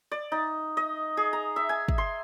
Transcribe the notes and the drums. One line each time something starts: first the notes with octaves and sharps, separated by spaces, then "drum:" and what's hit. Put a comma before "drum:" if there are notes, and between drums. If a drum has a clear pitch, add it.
D5
D#4
D#5
G#4
A#5
E5
G#5
drum: kick
C6